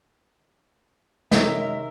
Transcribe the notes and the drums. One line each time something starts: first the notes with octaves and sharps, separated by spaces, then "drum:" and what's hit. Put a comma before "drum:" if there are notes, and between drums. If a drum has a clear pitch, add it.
F#2 C3 D#3 G#3 A#4 E5, drum: snare